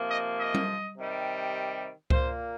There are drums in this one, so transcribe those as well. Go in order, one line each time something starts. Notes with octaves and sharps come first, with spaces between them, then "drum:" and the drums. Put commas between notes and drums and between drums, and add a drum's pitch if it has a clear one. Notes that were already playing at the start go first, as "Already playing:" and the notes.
Already playing: C3 F3 A#3
D#5
D#5
drum: tom G3
C3 D#3 G3
A#2 A#3 C5, drum: kick C#2